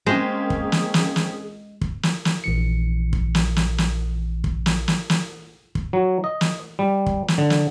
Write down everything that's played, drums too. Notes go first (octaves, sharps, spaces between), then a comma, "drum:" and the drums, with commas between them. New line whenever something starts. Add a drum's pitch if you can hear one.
G#3 A#3 C4 C#4 G#4 C5
drum: kick
drum: snare
drum: snare
drum: snare
drum: kick
drum: snare
drum: snare
A#1 E3 C#7
drum: kick
drum: snare
drum: snare
drum: snare
drum: kick
drum: snare
drum: snare
drum: snare
drum: kick
F#3
D#5
drum: snare
G3
drum: kick
drum: snare
D3
drum: snare